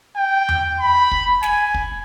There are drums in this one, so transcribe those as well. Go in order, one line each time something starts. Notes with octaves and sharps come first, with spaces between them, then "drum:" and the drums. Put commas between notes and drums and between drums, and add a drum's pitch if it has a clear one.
G5
drum: tom E2
B5
drum: kick
G#5, drum: snare
drum: kick